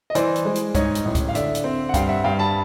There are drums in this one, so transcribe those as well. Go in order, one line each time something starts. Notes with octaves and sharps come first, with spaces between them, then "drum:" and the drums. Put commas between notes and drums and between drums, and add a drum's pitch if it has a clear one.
D#5
E3 C5 D5, drum: hi-hat
drum: hi-hat
G#3
drum: hi-hat
G#2 C#5 D#5, drum: kick, hi-hat
drum: hi-hat
A1
drum: kick, hi-hat
F5
D3 D5 E5, drum: hi-hat
drum: hi-hat
C4
F#5
G2 F5 G5, drum: kick, hi-hat
E5 F#5
G2 F5 G5
A5 B5